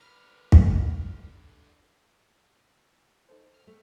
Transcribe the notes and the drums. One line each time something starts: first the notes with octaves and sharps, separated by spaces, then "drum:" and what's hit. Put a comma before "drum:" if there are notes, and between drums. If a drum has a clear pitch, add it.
G2 D3 A#4 B4 F6
drum: kick
D#4 A4 C5
F6
A3